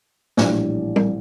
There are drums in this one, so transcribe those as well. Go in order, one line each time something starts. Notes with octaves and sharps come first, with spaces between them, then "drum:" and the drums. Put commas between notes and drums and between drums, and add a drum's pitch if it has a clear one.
A#1 A2 E3 G3 D5, drum: snare
drum: tom G3